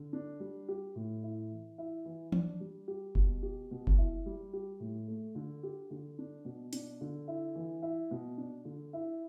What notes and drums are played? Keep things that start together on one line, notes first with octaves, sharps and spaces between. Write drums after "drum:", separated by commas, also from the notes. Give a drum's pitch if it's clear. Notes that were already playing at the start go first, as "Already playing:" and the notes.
Already playing: D3
D4
G3
G4
A2
E4
E3
E4
E3
D4, drum: tom E3
G3
G4
B2, drum: kick F#1
G4
B2
drum: kick F#1
E4
G3
G4
A2
A3
D3
G4
D3
D4
B2
D4, drum: hi-hat
D3
E4
E3
E4
B2
D4
D3
E4